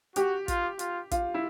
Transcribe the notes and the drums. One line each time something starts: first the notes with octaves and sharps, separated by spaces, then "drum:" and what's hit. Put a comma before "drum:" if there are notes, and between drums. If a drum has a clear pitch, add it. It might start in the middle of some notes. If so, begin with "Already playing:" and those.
F#4 G4, drum: hi-hat
F4, drum: kick, hi-hat
F4, drum: hi-hat
F4, drum: kick, hi-hat
E4